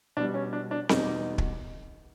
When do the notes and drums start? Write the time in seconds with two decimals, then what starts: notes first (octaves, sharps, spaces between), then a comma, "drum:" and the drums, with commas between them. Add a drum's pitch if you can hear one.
0.17 B2 G3 D4
0.34 C#4
0.53 D4
0.71 D4
0.89 E2 B2 G3 D#4, drum: snare C4
1.38 drum: kick